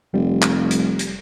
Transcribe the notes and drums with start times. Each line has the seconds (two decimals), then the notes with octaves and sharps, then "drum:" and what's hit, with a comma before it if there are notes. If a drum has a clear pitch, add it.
0.14 F1 G3
0.42 drum: clap
0.71 drum: hi-hat
0.99 drum: hi-hat